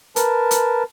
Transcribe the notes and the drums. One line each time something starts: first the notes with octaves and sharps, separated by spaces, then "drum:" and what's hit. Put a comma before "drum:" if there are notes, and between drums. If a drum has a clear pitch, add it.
A#4 B4 A5, drum: hi-hat
drum: hi-hat